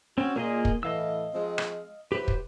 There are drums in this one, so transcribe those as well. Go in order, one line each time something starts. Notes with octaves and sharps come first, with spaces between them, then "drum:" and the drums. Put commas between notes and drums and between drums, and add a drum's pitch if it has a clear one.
C4 C#4 F#4
A#2 A#3 G#4 D#5
drum: kick
A2 E3 D#5 F5 E6
F3 G#3 C4
drum: rim click
F#3 E4 G4 B4 C5
drum: kick